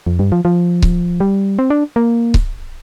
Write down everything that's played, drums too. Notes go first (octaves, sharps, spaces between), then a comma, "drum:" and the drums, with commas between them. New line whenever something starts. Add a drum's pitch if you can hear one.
F2
G2
F3
F3
drum: kick C#1
G3
C4
D4
A#3
drum: kick C#1